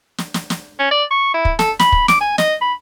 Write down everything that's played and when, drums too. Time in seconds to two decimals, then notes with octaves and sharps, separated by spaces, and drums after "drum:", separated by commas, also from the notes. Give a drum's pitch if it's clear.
0.18 drum: snare
0.34 drum: snare
0.50 drum: snare
0.79 C#4
0.91 D5
1.11 C#6
1.34 E4
1.45 drum: kick
1.59 A4, drum: snare
1.79 B5, drum: snare
1.92 drum: kick
2.08 D6, drum: snare
2.21 G#5
2.38 D#5, drum: snare
2.61 B5